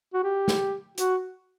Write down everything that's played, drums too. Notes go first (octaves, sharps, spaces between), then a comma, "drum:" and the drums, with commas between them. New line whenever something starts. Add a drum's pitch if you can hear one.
F#4
G4
drum: snare
F#4, drum: hi-hat